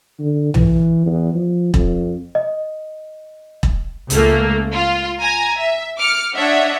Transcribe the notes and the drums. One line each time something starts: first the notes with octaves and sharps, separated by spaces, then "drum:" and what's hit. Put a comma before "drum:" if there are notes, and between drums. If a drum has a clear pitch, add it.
D3
E3, drum: tom B1
E2
F3
F2, drum: kick E1
D#5
drum: kick E1
C#2 A3 A#3, drum: hi-hat
F4
G#5 A#5
E5
D6 F6 C#7
D4 C#5 D#5 E5 F#5